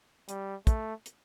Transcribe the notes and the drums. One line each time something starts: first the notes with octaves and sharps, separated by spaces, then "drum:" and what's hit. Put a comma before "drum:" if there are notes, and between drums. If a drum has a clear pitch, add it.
G3, drum: hi-hat
A3, drum: kick, hi-hat
drum: hi-hat